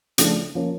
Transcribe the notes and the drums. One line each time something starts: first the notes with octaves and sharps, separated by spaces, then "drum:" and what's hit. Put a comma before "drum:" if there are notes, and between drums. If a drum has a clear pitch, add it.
C#3 F3 A3 D4, drum: hi-hat
F3 A#3 C#4